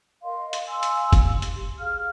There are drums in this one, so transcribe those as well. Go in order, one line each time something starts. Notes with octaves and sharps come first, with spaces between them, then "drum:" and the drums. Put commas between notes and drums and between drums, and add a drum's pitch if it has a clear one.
A#4 D#5 F5 C6
drum: hi-hat
F5 G#5 C6 E6
drum: hi-hat
G4, drum: kick, hi-hat
drum: hi-hat
G#4 F5 F6